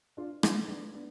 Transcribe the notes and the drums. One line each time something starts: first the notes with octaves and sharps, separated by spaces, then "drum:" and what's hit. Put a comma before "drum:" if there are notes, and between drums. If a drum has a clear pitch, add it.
D4 F4
D4 F4, drum: rim click
B3 D4
B3 D4